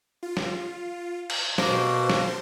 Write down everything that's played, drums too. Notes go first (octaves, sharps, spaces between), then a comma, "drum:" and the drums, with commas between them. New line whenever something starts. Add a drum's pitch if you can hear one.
F4
drum: snare
drum: cymbal
B2 A#3 C5 A5 C6, drum: snare
drum: snare